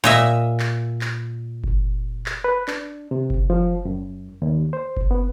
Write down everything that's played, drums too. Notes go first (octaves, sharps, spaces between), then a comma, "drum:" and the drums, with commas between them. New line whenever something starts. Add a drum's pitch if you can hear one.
A#2 D#5 E5
drum: clap
drum: clap
drum: kick F#1
drum: clap
B4
D4, drum: clap
C3
drum: kick F#1
F3
F#2
D#2
C5
drum: kick F#1
B3